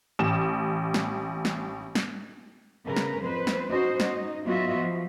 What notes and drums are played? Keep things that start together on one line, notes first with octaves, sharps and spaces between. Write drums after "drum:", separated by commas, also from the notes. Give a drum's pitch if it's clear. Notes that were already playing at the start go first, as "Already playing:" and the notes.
A1 E7
drum: snare
drum: snare
drum: snare
C#3 A#4 B4
drum: snare
F2 B4 C5
drum: snare
C#4 D#4 F#4 C5 D#5
D#4 D#5, drum: snare
F#3 B3 F4 F#4 D#5 E5
F3